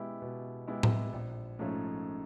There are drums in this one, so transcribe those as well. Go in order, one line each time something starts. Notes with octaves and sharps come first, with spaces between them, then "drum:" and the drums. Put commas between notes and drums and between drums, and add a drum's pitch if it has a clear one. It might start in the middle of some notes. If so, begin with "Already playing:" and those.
Already playing: B2 G#3 B3 E4 G4
B2
G#3 B3 E4 G4
drum: tom A2
A#1
G#2 F3 A3 C#4